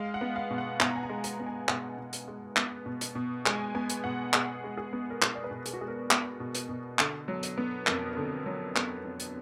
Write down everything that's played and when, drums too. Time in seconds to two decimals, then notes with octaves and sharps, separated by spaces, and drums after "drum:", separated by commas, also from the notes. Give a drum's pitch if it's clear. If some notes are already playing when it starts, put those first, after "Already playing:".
Already playing: G#3 F5
0.14 F#5
0.21 B3
0.36 F5
0.51 B2
0.58 F#5
0.80 B2 A#5, drum: clap
0.96 G#5
1.03 A#5
1.09 G#3
1.24 A#5, drum: hi-hat
1.39 B3
1.46 G#5
1.69 B2 F#5, drum: clap
1.98 B2
2.13 drum: hi-hat
2.28 G#3
2.56 B3, drum: clap
2.86 B2
3.01 drum: hi-hat
3.15 B2
3.46 G#3 G#5, drum: clap
3.75 B3 G#5
3.90 drum: hi-hat
4.04 B2 F#5
4.33 B2 G#4, drum: clap
4.64 G#3
4.77 G#4
4.93 B3
5.10 A#4
5.22 B2 G#4, drum: clap
5.35 D5
5.44 B4
5.51 B2
5.66 G#4, drum: hi-hat
5.73 F#4
5.81 G#3 G#4
5.88 A#4
6.11 B3, drum: clap
6.40 B2
6.55 drum: hi-hat
6.69 B2
6.99 D3, drum: clap
7.28 F#3
7.43 drum: hi-hat
7.58 B3
7.87 F2 A#4, drum: clap
8.17 D3
8.46 F#3
8.76 B3, drum: clap
9.04 F2
9.20 drum: hi-hat